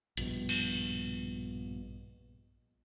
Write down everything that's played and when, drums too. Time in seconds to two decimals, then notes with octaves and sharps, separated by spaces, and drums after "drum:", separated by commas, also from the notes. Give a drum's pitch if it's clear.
0.17 A#1 G2 B2, drum: hi-hat
0.49 drum: cymbal